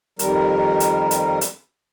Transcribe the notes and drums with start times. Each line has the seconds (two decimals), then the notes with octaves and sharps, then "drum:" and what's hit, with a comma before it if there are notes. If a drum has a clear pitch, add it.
0.19 F2 D#3 G3 A#4, drum: hi-hat
0.80 drum: hi-hat
1.11 drum: hi-hat
1.41 drum: hi-hat